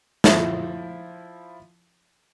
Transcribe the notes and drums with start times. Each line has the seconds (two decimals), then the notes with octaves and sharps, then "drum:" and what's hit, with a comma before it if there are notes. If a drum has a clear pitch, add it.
0.24 F3 E4, drum: snare